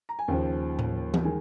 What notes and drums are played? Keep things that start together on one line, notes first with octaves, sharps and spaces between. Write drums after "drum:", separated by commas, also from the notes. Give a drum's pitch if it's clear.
A#5
G#5
D#2 C#3 F3 G5
drum: tom A2
drum: tom E3
D#3 G#3 G#5